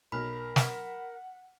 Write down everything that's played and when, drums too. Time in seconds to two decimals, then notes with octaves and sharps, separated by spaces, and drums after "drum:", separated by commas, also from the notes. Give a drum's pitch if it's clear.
0.12 B1 A#4 B5 F6
0.56 F#5 B6 E7, drum: snare